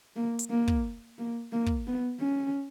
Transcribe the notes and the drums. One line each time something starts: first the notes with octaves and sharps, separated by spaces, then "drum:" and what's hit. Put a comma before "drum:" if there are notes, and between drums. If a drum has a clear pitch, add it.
A#3
drum: hi-hat
A#3
drum: kick
A#3
A#3
drum: kick
B3
C#4